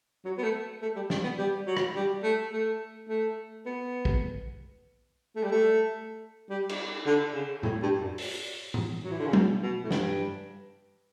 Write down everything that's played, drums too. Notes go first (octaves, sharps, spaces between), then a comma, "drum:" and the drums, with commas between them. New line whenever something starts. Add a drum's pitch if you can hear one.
F#3
B3
A3
A3
G3
G3, drum: snare
B3
G3
F#3
drum: rim click
G3
A3
A3
A3
B3
drum: kick A#1
A3
G3
A3
G3
drum: cymbal
D3
C#3
A2, drum: tom A2
G2
F#2
drum: open hi-hat
drum: tom A2
F#3
E3
D3
C#3
B2, drum: tom F#3
B2
A2
G2, drum: snare